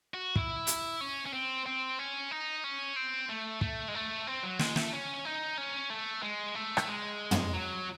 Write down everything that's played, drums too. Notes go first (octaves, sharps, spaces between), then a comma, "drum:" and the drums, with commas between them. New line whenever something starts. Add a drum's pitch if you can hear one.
F#4
E4, drum: kick
drum: hi-hat
C#4
C#4
C4
C4
C#4
D#4
C#4
C4
A3
A3, drum: kick
G#3
A3
C4
F#3
G#3, drum: snare
A3, drum: snare
C#4
D#4
C#4
A3
G#3
A3
drum: rim click
G#3
drum: tom
F#3